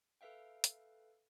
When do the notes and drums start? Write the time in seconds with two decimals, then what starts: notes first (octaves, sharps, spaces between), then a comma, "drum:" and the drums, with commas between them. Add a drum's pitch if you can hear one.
0.21 A4 B4 E5 F5 G5
0.64 drum: hi-hat